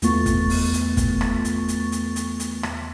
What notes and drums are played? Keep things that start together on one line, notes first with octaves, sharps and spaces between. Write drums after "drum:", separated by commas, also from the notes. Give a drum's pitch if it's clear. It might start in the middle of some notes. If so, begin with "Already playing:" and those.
E2 A3 B3 F4 C#6 A6, drum: hi-hat
drum: kick, hi-hat
drum: open hi-hat
drum: hi-hat
drum: kick, hi-hat
drum: rim click
drum: hi-hat
drum: hi-hat
drum: hi-hat
drum: hi-hat
drum: hi-hat
drum: rim click